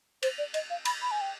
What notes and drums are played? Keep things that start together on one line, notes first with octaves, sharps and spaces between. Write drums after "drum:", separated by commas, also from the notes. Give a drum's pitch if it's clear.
C5, drum: cymbal
D5
D#5, drum: cymbal
F5
B5, drum: cymbal
B5
G#5
G5